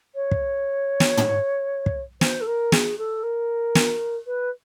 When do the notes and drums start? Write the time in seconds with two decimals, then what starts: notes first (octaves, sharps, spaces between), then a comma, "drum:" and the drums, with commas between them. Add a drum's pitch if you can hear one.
0.15 C#5
0.31 drum: kick
1.00 drum: snare
1.17 drum: tom
1.86 drum: kick
2.21 C5, drum: snare
2.41 A4
2.47 A#4
2.72 G#4, drum: snare
2.98 A4
3.23 A#4
3.75 drum: snare
4.26 B4